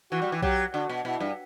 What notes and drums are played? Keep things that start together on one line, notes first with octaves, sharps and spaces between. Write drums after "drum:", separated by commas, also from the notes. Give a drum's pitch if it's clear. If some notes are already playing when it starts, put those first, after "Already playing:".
E3 F#4
G3
E3
F#3 G4, drum: kick B1
D3 F#4
B2
B2 E4
G2